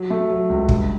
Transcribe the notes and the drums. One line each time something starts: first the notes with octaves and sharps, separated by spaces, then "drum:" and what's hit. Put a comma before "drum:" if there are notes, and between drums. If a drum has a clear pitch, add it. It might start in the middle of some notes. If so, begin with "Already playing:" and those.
Already playing: F#3
A3
F#3
C#2
G2, drum: kick